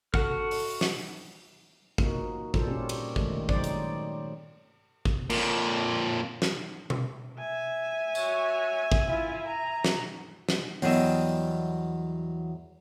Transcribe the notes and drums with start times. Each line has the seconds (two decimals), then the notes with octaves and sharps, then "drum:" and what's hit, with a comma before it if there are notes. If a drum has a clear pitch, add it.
0.14 F#4 A4 F#5 F6, drum: kick
0.51 drum: open hi-hat
0.81 drum: snare
1.98 F3 A#3 D#4 F#4, drum: kick
2.54 A#2 G3 F4 A4 C5, drum: kick
2.67 A#3 C4 C#4 G4
2.89 drum: cymbal
3.16 D#3 G#3 A3, drum: kick
3.49 D#3 F#3 C4 D#4 C5 D5, drum: kick
3.64 drum: hi-hat
5.05 drum: kick
5.30 F2 A#2, drum: cymbal
6.42 drum: snare
6.90 drum: tom B2
7.39 E5 G#5
8.15 F#4 C#5, drum: tambourine
8.92 drum: kick
9.06 E4 F4
9.46 A#5
9.84 drum: snare
10.49 drum: snare
10.82 E2 F#3 G3 F#4 D#5 E5, drum: open hi-hat